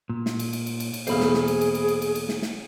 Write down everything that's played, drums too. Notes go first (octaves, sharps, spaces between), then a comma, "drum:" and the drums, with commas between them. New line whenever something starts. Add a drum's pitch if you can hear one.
A#2
drum: snare
drum: cymbal
drum: cymbal
drum: cymbal
drum: cymbal
drum: cymbal
B1 E2 A#2 G#4 C5 B5, drum: cymbal
drum: snare
drum: snare
drum: cymbal
drum: cymbal
drum: cymbal
drum: cymbal
drum: cymbal
drum: cymbal
drum: snare
drum: snare